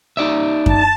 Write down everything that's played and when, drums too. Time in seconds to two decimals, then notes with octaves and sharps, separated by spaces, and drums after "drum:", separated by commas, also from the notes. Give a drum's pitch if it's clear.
0.17 D#4 D5 E5
0.66 A5, drum: kick F#2